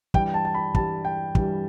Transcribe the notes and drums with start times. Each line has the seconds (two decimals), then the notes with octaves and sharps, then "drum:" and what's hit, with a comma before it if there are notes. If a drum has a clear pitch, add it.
0.14 G2 E3 G3 G5, drum: kick
0.34 A5
0.45 A5
0.54 B5
0.75 G2 E3 G3 A5, drum: kick
1.05 G5
1.35 G2 E3 G3, drum: kick